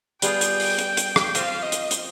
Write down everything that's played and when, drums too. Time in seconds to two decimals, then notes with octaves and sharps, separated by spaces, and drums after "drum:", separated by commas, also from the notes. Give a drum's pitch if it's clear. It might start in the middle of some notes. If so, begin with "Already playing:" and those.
0.22 G3 B3 F4 G#4 G5, drum: hi-hat
0.41 drum: hi-hat
0.60 drum: open hi-hat
0.79 drum: hi-hat
0.97 drum: hi-hat
1.16 drum: rim click
1.35 F3 C4 F4 F5, drum: hi-hat
1.62 D#5
1.72 drum: hi-hat
1.91 drum: hi-hat